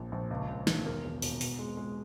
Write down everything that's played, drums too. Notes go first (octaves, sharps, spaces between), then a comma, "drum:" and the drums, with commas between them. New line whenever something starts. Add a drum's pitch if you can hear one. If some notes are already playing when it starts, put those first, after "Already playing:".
Already playing: A#1 F3
A#1
C#2
C#2
D#3, drum: snare
E1 A#4
E1
E1, drum: open hi-hat
B2, drum: open hi-hat
G#3
G#3